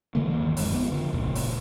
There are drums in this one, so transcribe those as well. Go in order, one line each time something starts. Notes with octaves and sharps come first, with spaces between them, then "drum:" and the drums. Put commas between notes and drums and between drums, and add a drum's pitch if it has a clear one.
D3 E3 A3 A#3
G#1 D#2
G1 F2 G#2, drum: open hi-hat
G1 A#2 B3
D3 F3
C#2 A#2, drum: kick
drum: open hi-hat